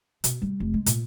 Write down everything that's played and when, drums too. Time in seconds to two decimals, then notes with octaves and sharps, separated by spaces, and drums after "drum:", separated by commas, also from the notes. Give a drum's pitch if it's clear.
0.24 B2, drum: hi-hat
0.42 G3
0.60 F1
0.74 G#3
0.86 A#2, drum: hi-hat